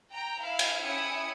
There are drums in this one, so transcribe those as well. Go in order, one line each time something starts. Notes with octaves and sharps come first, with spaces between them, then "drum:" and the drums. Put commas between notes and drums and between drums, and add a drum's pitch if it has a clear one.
G5 A#5
E4 F5
drum: cymbal
C#4 E4 G#5 D#6 C#7